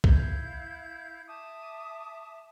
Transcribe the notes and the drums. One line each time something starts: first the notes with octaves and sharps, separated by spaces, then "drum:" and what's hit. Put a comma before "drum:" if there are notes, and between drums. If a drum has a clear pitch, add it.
E4 F5 G6 G#6, drum: kick B1
E5 A5 D6 D#6